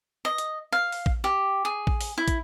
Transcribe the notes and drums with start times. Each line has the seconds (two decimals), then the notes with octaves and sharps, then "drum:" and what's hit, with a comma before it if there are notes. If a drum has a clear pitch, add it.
0.25 D#5
0.38 drum: hi-hat
0.72 F5
0.92 drum: open hi-hat
1.06 drum: kick
1.24 G4
1.65 G#4
1.87 drum: kick
2.01 drum: open hi-hat
2.18 E4
2.28 drum: kick, hi-hat